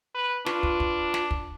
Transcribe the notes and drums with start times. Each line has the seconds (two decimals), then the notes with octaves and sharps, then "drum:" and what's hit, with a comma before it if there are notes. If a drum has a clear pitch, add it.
0.15 B4
0.46 D4 F4 B4 C#6, drum: snare
0.63 drum: kick
0.80 drum: kick
1.14 drum: snare
1.31 drum: kick